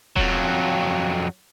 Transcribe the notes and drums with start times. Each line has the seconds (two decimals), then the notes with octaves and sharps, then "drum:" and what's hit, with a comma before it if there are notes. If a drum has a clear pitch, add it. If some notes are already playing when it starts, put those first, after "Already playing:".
0.16 F2 F#3, drum: kick D#1